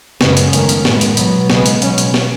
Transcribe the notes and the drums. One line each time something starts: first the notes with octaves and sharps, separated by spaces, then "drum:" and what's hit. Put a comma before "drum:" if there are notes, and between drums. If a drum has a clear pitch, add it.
F#2 C#3 G#3 B3, drum: snare
drum: hi-hat
G#2 D#3 A3 C#4, drum: hi-hat
drum: hi-hat
A2 G#3 B3, drum: snare
drum: hi-hat
B2 F#3 B3, drum: hi-hat
C#3 G#3 B3, drum: snare
drum: hi-hat
B2 F#3 C#4, drum: hi-hat
drum: hi-hat
drum: snare